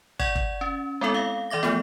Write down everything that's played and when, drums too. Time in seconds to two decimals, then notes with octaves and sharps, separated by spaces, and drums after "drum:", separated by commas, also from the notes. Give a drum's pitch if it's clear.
0.19 D5 F#5 C#6 G#6, drum: kick
0.35 drum: kick
0.61 C#4
1.01 G#3 B3 C4 E4 A4 E5
1.14 F5
1.50 E3 D5 E5 D6 A#6
1.63 F3 A3 B3, drum: snare